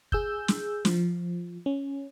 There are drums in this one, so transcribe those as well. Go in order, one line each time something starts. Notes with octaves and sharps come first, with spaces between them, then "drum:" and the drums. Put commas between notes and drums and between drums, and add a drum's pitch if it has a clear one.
G#4 E6 G6, drum: kick
drum: snare
F3, drum: snare
C#4